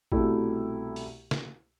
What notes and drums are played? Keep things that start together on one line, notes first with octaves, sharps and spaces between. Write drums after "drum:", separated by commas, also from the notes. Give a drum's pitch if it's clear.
C2 B2 A3 E4 G4, drum: kick A1
drum: open hi-hat
drum: snare